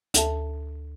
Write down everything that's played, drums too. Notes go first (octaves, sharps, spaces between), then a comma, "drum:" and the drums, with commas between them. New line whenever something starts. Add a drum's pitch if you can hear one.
D2 A4 E5 A5, drum: hi-hat